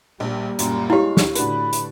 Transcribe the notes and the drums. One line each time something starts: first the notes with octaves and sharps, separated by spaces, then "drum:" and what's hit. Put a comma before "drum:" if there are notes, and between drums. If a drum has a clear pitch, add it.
A#1 G3 A#3
F#2 A#2 A#5, drum: hi-hat
G#3 E4 G4 C#5 F5
drum: snare
A2 D3 D4 F#4 B4 B5, drum: hi-hat
drum: hi-hat